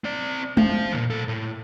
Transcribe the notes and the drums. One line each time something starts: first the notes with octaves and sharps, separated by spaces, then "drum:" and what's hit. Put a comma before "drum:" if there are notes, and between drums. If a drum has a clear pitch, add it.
C4 D5
C5 F5, drum: tom G#3
F2 A#2
C2 A4
A2